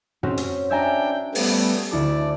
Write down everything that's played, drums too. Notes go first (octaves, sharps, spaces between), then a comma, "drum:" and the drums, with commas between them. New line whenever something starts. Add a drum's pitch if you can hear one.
C4 C#4 F#4, drum: tom
drum: hi-hat
D4 E5 G5 G#5 A#5
G3 A3 B3, drum: open hi-hat
D2 E4 A4 D5